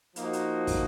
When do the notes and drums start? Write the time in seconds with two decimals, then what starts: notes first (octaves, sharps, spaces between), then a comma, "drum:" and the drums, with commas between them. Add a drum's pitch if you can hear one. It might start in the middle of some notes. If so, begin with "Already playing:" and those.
0.16 F3 A#3 D#4 F#4, drum: hi-hat
0.33 drum: hi-hat
0.67 drum: kick, open hi-hat